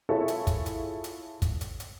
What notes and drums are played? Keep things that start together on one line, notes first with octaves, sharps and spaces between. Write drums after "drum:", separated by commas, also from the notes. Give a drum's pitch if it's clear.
E4 F4 G#4 A4 C#5 E5
drum: hi-hat
drum: kick, hi-hat
drum: hi-hat
drum: hi-hat
drum: kick, hi-hat
drum: hi-hat
drum: hi-hat